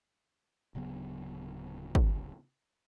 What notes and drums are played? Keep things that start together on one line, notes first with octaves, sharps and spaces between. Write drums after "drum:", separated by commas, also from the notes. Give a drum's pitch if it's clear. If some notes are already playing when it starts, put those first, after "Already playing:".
D1 C#3 F#3 B3
drum: kick